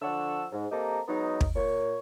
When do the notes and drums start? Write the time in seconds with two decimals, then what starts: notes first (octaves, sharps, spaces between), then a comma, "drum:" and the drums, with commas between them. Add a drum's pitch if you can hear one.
0.02 D3 F3 A4 F#5 C#6 E6
0.52 G#2
0.72 A#3 C4 G4 A4 D#5 A#5
1.08 F#3 G#3 B3 D#4
1.41 drum: kick
1.56 A#2 C#5